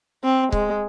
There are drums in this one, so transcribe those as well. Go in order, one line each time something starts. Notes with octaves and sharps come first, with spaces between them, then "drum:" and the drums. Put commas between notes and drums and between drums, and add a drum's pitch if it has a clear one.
C4
G#3, drum: kick C#1